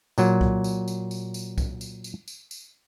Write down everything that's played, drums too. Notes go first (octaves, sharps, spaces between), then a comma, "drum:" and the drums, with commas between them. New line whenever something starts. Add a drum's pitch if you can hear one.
A#2 F#3, drum: tambourine
drum: kick C2
drum: tambourine
drum: tambourine
drum: tambourine
drum: tambourine
drum: kick C2, tambourine
drum: tambourine
drum: tambourine
drum: tambourine
drum: tambourine